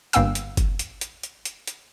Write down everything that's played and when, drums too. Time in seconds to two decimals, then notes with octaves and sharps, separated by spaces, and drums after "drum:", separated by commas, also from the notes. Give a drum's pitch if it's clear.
0.13 G1 G2 A#3 F5 G5 E6, drum: hi-hat
0.35 drum: hi-hat
0.57 drum: kick F#1, hi-hat
0.79 drum: hi-hat
1.01 drum: hi-hat
1.23 drum: hi-hat
1.45 drum: hi-hat
1.67 drum: hi-hat